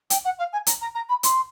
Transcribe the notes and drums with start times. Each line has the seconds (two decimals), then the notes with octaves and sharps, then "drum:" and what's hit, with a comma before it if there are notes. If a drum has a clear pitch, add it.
0.10 G5, drum: hi-hat
0.24 F#5
0.38 F5
0.52 G#5
0.67 A#5, drum: hi-hat
0.81 A#5
0.95 A#5
1.09 B5
1.23 C6, drum: hi-hat